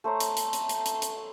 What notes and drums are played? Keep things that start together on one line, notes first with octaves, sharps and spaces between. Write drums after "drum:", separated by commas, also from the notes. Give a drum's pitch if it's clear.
A3 C5 C#5 A#5
drum: hi-hat
drum: hi-hat
drum: hi-hat
drum: hi-hat
drum: hi-hat
drum: hi-hat